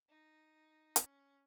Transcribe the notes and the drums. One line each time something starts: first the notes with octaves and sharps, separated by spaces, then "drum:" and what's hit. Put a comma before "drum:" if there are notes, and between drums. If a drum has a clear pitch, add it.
D#4
C#4, drum: hi-hat